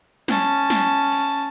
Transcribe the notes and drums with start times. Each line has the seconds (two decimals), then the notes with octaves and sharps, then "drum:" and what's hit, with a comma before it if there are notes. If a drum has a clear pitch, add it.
0.28 C#4 A5, drum: snare
0.70 drum: snare
1.12 drum: cymbal